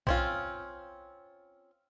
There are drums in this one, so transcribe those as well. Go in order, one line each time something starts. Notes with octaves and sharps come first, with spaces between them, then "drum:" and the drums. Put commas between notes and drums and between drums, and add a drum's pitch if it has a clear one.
C4 C#4 F4, drum: kick A#1